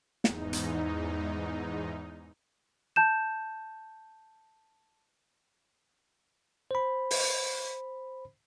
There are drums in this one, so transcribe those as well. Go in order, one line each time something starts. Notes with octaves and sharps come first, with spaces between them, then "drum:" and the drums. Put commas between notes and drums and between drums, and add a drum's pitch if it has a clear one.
E2 G#2 D#4, drum: snare
drum: hi-hat
A5 G6 E7
C5 B5
drum: open hi-hat